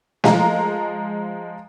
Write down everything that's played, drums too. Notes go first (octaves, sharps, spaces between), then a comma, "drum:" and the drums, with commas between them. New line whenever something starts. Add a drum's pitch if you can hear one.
F3 G#3 F5 A#5, drum: snare